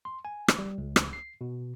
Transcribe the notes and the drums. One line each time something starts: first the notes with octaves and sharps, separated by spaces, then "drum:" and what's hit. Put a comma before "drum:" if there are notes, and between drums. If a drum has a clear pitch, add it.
C6
G#5
drum: rim click
G3
C#2
drum: rim click
C7
B2